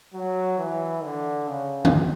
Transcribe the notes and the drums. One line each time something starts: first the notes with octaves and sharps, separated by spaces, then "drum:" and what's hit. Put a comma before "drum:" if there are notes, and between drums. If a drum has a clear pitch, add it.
F#3
E3
D3
C#3
drum: tom D3